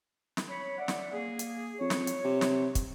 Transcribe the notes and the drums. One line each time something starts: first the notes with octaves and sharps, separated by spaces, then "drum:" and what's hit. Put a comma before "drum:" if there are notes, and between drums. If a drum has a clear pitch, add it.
drum: snare
C#5 B5
D5 E5 F#5
drum: snare
A#3 G#4
drum: hi-hat
F2 C#5
drum: snare
drum: hi-hat
C3
drum: snare
drum: kick, hi-hat